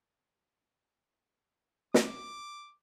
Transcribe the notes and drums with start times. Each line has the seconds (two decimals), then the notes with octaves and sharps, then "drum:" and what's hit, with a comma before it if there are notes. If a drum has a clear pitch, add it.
1.94 D6, drum: snare